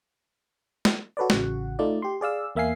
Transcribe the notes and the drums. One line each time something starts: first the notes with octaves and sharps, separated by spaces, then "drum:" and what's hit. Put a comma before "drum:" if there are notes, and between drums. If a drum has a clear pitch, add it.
drum: snare
F#4 A4 B4 C#5 D5
A1 C#3 F#4 F#5, drum: snare
A3 D#4 F4 D5
G4 C6
G#4 D5 F5 E6
E2 A#3 E5 F5 G#5 C7